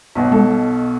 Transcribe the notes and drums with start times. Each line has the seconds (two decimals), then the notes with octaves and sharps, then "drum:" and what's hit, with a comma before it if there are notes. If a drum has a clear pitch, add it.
0.15 B1 B2
0.32 A4, drum: tom G3